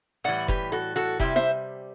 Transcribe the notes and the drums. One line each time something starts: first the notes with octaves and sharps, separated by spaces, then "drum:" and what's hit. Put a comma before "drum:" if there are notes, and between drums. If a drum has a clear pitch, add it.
A2 E3 G3 D5 F#5
G4 B4, drum: kick F1
F#4 A4
F#4 A4
C3 G3 E4 G4, drum: kick F1
C5 E5, drum: snare E4